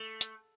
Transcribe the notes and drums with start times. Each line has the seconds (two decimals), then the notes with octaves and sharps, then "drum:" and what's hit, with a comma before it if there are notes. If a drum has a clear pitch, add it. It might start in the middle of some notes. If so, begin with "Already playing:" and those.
Already playing: A3
0.21 drum: hi-hat